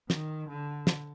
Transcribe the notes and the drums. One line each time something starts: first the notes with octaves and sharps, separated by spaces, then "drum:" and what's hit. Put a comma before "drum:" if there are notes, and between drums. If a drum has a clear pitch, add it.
D#3, drum: snare
D3
drum: snare